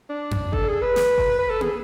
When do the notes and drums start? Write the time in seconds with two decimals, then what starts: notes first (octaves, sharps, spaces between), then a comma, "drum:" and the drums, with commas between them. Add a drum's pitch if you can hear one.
0.09 D4
0.31 drum: tom F2
0.53 A4, drum: kick G1
0.68 G#4
0.82 B4
0.96 drum: snare
1.18 drum: kick G1
1.39 B4
1.50 A4
1.61 G#4, drum: tom A#3